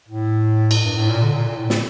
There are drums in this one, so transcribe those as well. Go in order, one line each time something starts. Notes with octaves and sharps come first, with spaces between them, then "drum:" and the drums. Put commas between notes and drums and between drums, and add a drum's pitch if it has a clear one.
A2
drum: cymbal
G2
A2
A#2
D3
A#2
A#2
A2
drum: snare